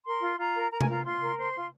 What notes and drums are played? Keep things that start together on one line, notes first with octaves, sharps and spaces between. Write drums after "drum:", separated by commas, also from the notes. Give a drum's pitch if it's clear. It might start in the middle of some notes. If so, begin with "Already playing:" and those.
A#4 C6
F4
F4 A#5
A#4
A#4 A#5
G#5, drum: tom C3
F4 A#5
F4 C6
A#4
C5 C6
F4